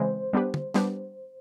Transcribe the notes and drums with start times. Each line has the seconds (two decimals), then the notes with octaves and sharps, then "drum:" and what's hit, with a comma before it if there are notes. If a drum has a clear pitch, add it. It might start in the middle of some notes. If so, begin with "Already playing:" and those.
Already playing: C#3 E3 G#3 C4 C5
0.33 G3 B3 D4 G4 B4
0.54 drum: tom
0.74 G3 B3 D4 G4 B4, drum: snare